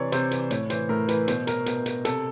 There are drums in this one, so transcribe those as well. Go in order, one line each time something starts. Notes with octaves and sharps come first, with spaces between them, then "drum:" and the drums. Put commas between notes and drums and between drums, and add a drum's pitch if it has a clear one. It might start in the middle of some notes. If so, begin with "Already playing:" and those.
Already playing: C3 E3 C#5 D5
C3 C5, drum: hi-hat
E3, drum: hi-hat
A2 C#5, drum: hi-hat
E3 C5, drum: hi-hat
A2 A#4
E3 B4, drum: hi-hat
B2 C5, drum: hi-hat
A#4, drum: hi-hat
B2, drum: hi-hat
drum: hi-hat
C3 A4, drum: hi-hat